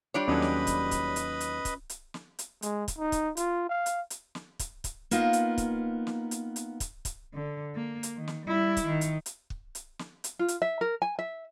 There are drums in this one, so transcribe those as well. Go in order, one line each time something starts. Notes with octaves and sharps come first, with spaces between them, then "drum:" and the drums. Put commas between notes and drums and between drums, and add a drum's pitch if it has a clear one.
G3 D4 F4 C#5
D#2 F#3 C#4 A4 B4 D#5 G#5 B5
drum: snare
drum: kick, hi-hat
drum: kick, hi-hat
drum: hi-hat
drum: hi-hat
drum: kick, hi-hat
drum: hi-hat
drum: snare
drum: hi-hat
G#3, drum: hi-hat
drum: kick, hi-hat
D#4
drum: kick, hi-hat
F4, drum: hi-hat
F5
drum: hi-hat
drum: hi-hat
drum: snare
drum: kick, hi-hat
drum: kick, hi-hat
A#3 B3 D#4 F4, drum: hi-hat
drum: hi-hat
drum: kick, hi-hat
drum: snare
drum: hi-hat
drum: hi-hat
drum: kick, hi-hat
drum: kick, hi-hat
D3
A#3
drum: hi-hat
D#3
drum: snare
G3 E4
drum: kick, hi-hat
D#3
drum: hi-hat
drum: hi-hat
drum: kick
drum: hi-hat
drum: snare
drum: hi-hat
F4
drum: hi-hat
E5
A#4
G#5
E5